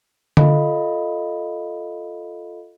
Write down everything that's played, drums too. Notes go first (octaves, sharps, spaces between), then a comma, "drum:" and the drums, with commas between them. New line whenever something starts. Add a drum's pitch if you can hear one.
F4 A4 D#5 F5 B5, drum: tom D3